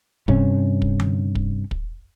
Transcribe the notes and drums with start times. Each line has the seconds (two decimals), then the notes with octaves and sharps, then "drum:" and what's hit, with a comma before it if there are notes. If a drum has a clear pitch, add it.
0.28 G2 C3 C#4, drum: kick
0.82 drum: kick
1.00 drum: tom D3
1.35 drum: kick
1.71 drum: kick